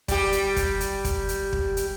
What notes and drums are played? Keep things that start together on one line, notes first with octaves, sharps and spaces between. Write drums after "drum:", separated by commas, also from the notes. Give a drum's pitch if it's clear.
G3 G4, drum: kick, hi-hat
drum: hi-hat
drum: kick, hi-hat
drum: hi-hat
drum: kick, hi-hat
drum: hi-hat
drum: kick
drum: hi-hat